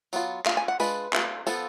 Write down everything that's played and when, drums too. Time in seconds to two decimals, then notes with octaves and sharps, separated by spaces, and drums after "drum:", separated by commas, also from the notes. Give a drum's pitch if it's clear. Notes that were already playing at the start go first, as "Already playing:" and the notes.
0.13 F#3 B3 F4, drum: tambourine
0.46 A3 D4 F4 F5, drum: clap
0.57 G#5
0.68 F#5
0.80 G#3 D4 F4 B4, drum: tambourine
1.13 A3 F4, drum: clap
1.47 F3 B3 F4 A4, drum: tambourine